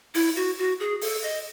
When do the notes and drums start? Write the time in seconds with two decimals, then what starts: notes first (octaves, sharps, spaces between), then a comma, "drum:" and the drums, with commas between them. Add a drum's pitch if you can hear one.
0.15 E4, drum: open hi-hat
0.36 F#4
0.58 F#4
0.80 G#4
1.01 A4, drum: open hi-hat
1.22 D#5